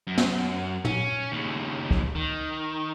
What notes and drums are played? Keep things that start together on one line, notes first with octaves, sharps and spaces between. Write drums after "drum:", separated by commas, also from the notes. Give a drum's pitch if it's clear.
F#2
drum: snare
C#4, drum: tom
D#2 C#3
drum: kick
D#3